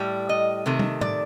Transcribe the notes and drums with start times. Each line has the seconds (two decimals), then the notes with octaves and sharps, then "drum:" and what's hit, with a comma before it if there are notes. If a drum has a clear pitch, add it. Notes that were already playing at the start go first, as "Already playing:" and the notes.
Already playing: A2 G3
0.29 D#5
0.66 C3 D#3 A3
0.79 drum: tom
1.01 D5, drum: tom A2